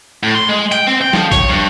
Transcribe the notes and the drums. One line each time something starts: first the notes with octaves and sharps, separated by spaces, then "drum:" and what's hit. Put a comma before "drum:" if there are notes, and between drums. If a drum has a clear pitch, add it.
A2
C6
G#3
G5, drum: hi-hat
C4
G5
F3, drum: snare G3
C#5, drum: kick A#1, hi-hat
G2